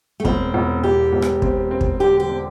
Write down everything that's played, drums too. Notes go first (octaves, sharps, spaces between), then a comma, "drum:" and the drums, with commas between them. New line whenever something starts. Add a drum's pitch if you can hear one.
A3
E1 C4, drum: kick
E1
E1 G4
E1
drum: rim click
C4, drum: kick
C4
drum: kick
D3 G4
G4
C4